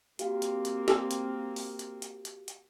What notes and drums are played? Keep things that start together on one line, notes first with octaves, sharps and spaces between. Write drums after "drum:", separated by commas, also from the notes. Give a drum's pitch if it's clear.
A#3 C4 F#4 G4 F5, drum: hi-hat
drum: hi-hat
drum: hi-hat
drum: snare
drum: hi-hat
drum: open hi-hat
drum: hi-hat
drum: hi-hat
drum: hi-hat
drum: hi-hat